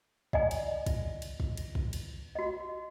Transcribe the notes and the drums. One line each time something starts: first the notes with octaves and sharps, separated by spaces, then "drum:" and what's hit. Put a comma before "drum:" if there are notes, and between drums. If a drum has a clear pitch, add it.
D5 D#5 G#5, drum: kick
drum: cymbal
drum: kick, cymbal
drum: cymbal
drum: kick
drum: cymbal
drum: kick
drum: cymbal
F#4 D#5